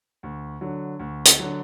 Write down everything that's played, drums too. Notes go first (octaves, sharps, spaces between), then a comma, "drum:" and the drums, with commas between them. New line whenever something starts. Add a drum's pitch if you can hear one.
D2
D3 F#3
D2
drum: hi-hat
D3 F#3